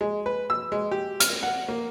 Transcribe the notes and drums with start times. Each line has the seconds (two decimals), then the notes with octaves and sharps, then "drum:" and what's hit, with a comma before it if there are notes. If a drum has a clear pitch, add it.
0.01 G#3
0.26 B4
0.50 E6
0.72 G#3
0.91 G4
1.20 F6, drum: hi-hat
1.43 F#5
1.68 A#3